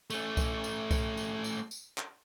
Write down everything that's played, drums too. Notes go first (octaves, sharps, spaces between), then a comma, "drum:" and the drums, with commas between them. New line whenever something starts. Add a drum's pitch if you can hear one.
A3 C#4, drum: tambourine
drum: kick C2, tambourine
drum: tambourine
drum: kick C2, tambourine
drum: tambourine
drum: tambourine
drum: tambourine
drum: clap